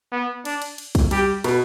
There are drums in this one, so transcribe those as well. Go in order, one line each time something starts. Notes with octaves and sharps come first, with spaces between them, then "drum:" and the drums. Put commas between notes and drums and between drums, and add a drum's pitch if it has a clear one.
B3
D4, drum: cymbal
drum: cymbal
drum: cymbal
drum: kick, cymbal
G3 G4, drum: cymbal
B2, drum: cymbal